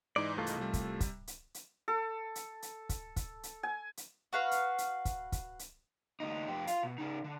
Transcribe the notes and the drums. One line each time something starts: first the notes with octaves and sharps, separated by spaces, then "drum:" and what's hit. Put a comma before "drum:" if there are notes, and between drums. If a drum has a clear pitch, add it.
G#2 E3 D#4 D5
C2 A3 F4
drum: hi-hat
C3 G3
drum: kick, hi-hat
drum: kick, hi-hat
drum: hi-hat
drum: hi-hat
A4
drum: hi-hat
drum: hi-hat
drum: kick, hi-hat
drum: kick, hi-hat
drum: hi-hat
G#5
drum: hi-hat
F#4 B4 F5
drum: hi-hat
drum: hi-hat
drum: kick, hi-hat
drum: kick, hi-hat
drum: hi-hat
D2 D#4
F2 G4
F4 F5, drum: hi-hat
B2
C#3 D#4
D3